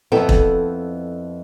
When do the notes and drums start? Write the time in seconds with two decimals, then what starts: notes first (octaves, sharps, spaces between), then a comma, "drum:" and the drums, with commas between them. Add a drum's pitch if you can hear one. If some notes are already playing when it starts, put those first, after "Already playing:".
0.12 F2 B3 E4 A4 G5
0.29 drum: kick E1